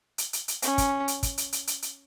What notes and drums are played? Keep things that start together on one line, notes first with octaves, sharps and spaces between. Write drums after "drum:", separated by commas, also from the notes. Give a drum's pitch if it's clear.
drum: hi-hat
drum: hi-hat
drum: hi-hat
C#4, drum: hi-hat
drum: kick, hi-hat
drum: hi-hat
drum: kick, hi-hat
drum: hi-hat
drum: hi-hat
drum: hi-hat
drum: hi-hat